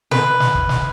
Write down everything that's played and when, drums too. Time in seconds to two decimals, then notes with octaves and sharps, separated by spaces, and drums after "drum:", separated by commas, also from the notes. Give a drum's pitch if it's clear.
0.11 B4, drum: snare
0.40 drum: snare
0.55 drum: kick
0.69 drum: snare